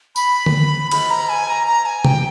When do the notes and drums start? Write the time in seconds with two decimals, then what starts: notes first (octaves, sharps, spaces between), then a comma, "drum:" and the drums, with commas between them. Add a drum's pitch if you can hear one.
0.16 B5, drum: tambourine
0.46 drum: tom D3
0.91 B5, drum: cymbal
1.10 A#5
1.29 G#5
1.48 A#5
1.67 A#5
1.86 G#5
2.05 G5, drum: tom C3